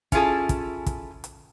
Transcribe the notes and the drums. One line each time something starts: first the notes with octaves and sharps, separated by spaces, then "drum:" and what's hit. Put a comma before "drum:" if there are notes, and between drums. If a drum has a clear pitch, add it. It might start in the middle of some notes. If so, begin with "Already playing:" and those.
C#4 E4 F4 G#4 A4, drum: kick, hi-hat
drum: kick, hi-hat
drum: kick, hi-hat
drum: hi-hat